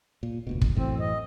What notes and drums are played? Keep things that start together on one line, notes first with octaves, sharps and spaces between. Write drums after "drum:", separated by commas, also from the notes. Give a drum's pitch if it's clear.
A#2
F1 D2 B2
C#2, drum: kick
F#2 A2 E3 C4
D#5